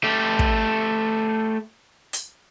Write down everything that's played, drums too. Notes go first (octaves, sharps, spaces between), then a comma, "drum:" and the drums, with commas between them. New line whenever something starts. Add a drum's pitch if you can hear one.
A3 G4
drum: kick
drum: hi-hat